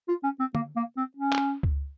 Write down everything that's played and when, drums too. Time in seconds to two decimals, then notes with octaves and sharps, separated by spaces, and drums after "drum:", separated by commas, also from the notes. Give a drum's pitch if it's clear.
0.08 F4
0.24 C#4
0.39 C4
0.55 A#3, drum: tom
0.76 A#3
0.97 C4
1.17 C#4
1.32 drum: clap
1.63 drum: kick C#2